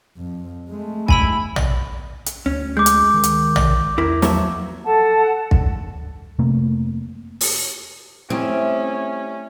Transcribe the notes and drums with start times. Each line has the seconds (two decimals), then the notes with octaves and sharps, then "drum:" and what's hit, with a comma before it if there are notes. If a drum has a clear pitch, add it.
0.17 F2
0.69 G#3 A3
1.08 E4 G#5 B5 E6, drum: kick
1.56 drum: tom A#1
2.26 drum: hi-hat
2.46 D2 C#4
2.77 G#3 D6 G6
2.86 drum: hi-hat
3.14 D#3
3.23 drum: hi-hat
3.56 drum: tom A#1
3.98 E2 E4 A#4
4.22 F3 F#3 E5, drum: snare
4.84 A4 F#5 A5
5.51 drum: kick
6.39 F1 C3 A3 A#3
7.41 drum: open hi-hat
8.30 G3 A3 C4 C#4 E4 E5 D#6